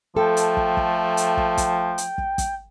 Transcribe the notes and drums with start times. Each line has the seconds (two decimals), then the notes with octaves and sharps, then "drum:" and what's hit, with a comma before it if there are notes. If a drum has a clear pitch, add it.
0.17 F3 A3 A4 G5
0.37 drum: hi-hat
0.57 drum: kick
0.77 drum: kick
1.17 drum: hi-hat
1.37 drum: kick
1.58 drum: kick, hi-hat
1.98 drum: hi-hat
2.18 drum: kick
2.38 drum: kick, hi-hat